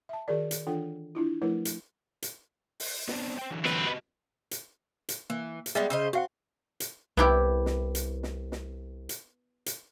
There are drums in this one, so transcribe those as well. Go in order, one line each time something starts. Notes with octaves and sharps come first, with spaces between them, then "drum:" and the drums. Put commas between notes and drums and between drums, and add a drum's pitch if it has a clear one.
E5 A5
D#3 F#4 G#4 A#4 D5
drum: hi-hat
E3 D4 F4 A4 F#5 G5
D4 E4 F4
F3 A3 E4 A#4 B4 C#5
drum: hi-hat
drum: hi-hat
drum: open hi-hat
B3 C4 D4, drum: snare
C5 G5
D3 E3 F#3
C4 B4, drum: snare
F#4 G4 D#5
drum: hi-hat
drum: hi-hat
E3 A#3
drum: hi-hat
G3 G#3 B3 G#4 D5 E5
C#3 C5 D#5 E6
C4 F#4 F5 F#5
drum: hi-hat
C2 B3 E4 G4
drum: snare
drum: hi-hat
drum: snare
drum: snare
drum: hi-hat
drum: hi-hat